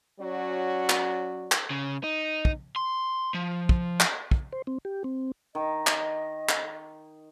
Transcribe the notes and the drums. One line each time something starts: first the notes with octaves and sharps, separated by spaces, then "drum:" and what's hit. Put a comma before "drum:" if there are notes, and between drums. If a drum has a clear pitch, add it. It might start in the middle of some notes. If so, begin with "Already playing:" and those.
F#3 C#4 F#4 D5
drum: clap
drum: clap
C#3
D#4
drum: kick
C6
F3
drum: kick
drum: clap
drum: kick
C5
C4
G4
C4
D#3 D#5
drum: clap
drum: clap